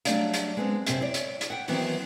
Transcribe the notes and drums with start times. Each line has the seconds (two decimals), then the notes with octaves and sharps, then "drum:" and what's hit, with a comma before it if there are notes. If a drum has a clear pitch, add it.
0.05 F#3 G3 A3 D4 D5 F5, drum: hi-hat
0.33 drum: hi-hat
0.57 G#3 B3 C4
0.87 F#2 C3 C5, drum: hi-hat
1.00 E4 C#5 D5
1.14 drum: hi-hat
1.41 drum: hi-hat
1.50 F#5 G5
1.68 D#3 E3 F#3 B3 C4, drum: open hi-hat